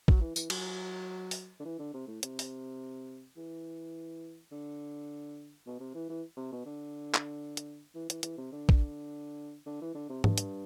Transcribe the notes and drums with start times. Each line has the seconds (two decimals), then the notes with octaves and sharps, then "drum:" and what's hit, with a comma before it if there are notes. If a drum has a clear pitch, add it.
0.08 F#3, drum: kick
0.21 E3
0.36 E3, drum: tambourine
0.50 F#3, drum: cymbal
1.31 drum: open hi-hat
1.60 D3
1.65 E3
1.79 D3
1.94 C3
2.08 A2
2.23 C3, drum: hi-hat
2.39 drum: open hi-hat
3.37 E3
4.52 D3
5.66 B2
5.80 C3
5.95 E3
6.09 E3
6.37 C3
6.52 B2
6.66 D3
7.14 drum: clap
7.57 drum: hi-hat
7.95 E3
8.10 E3, drum: hi-hat
8.23 E3, drum: hi-hat
8.38 C3
8.53 D3
8.69 drum: kick
9.66 D3
9.82 E3
9.95 D3
10.09 C3
10.24 G2, drum: tom G#2
10.38 drum: hi-hat